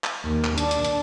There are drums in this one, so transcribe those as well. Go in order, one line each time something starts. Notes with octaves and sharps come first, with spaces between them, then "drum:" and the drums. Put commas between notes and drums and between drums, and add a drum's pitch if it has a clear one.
drum: clap
D#2
drum: clap
D4, drum: hi-hat
drum: hi-hat
drum: hi-hat